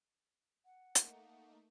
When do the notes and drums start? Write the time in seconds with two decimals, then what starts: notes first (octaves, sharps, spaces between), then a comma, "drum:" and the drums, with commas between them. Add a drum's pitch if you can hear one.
0.65 F#5
0.95 A3 A#3 D#4, drum: hi-hat